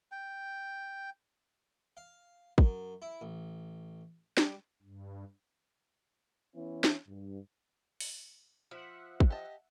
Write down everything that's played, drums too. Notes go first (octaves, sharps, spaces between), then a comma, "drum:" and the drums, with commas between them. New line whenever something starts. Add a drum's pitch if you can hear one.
G5
F5
F#2, drum: kick
E4
A1
G3, drum: snare D4
G2
E3 B3 C#4 E4
drum: snare D4
G2
drum: open hi-hat
F3 E5 F#5
drum: kick
G4 D#5 A5